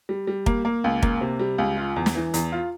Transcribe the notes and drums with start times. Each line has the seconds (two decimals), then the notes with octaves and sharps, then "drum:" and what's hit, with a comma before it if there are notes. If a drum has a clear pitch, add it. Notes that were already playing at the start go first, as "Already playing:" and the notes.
0.09 G3
0.27 G3
0.46 A#3, drum: kick
0.65 A#3
0.84 C#2
1.03 A#3, drum: kick
1.21 C3
1.39 G3
1.58 C#2
1.77 F4
1.96 E2
2.06 drum: snare
2.15 E3
2.34 E2, drum: hi-hat
2.52 F4